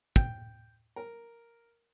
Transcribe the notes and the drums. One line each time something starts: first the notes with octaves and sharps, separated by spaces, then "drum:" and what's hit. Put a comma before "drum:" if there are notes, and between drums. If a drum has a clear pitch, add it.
G5, drum: kick
A#4